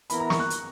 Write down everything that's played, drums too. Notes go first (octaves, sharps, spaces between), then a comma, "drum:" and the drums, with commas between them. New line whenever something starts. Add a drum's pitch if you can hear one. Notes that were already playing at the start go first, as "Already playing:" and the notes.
E3 B3 E4 A#4 B5, drum: hi-hat
A#5
C#6, drum: snare
F#6
drum: hi-hat